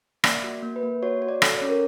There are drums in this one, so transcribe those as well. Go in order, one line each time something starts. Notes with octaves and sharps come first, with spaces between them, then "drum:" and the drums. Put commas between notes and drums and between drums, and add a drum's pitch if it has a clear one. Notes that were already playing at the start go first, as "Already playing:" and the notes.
A#3 D5, drum: rim click
F#4
A#3
B4
A#3
F#4 C#5
F#4
D5
A4, drum: rim click
C#5
C#4
A#4